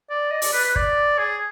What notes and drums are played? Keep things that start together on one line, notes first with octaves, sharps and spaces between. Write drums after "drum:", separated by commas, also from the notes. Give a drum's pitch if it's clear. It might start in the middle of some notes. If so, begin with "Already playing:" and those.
D5
D#5
D5, drum: open hi-hat
B4
B4
D5, drum: kick
G#4